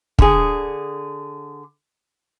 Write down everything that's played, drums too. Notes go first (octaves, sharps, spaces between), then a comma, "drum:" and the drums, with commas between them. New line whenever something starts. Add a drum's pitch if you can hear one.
D3 G#4, drum: kick